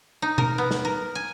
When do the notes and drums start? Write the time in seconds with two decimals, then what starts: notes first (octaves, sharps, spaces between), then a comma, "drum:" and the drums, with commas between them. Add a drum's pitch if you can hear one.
0.22 D#4
0.38 A#4, drum: tom B2
0.58 B3
0.71 drum: snare
0.85 A#4
1.15 G#5